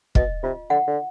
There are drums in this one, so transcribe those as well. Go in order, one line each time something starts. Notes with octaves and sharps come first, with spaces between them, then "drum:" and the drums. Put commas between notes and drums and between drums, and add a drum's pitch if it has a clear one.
B2 D#5, drum: kick
C3 F4
D3 F#5
D3